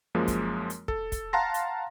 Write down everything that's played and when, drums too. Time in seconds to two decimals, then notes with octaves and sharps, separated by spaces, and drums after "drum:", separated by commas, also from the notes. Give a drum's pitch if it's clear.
0.15 F#2 F3 G#3 A#3
0.28 drum: kick, hi-hat
0.70 drum: hi-hat
0.88 A4, drum: kick
1.12 drum: kick, hi-hat
1.33 F5 F#5 A5 A#5 C6 A#6
1.54 drum: hi-hat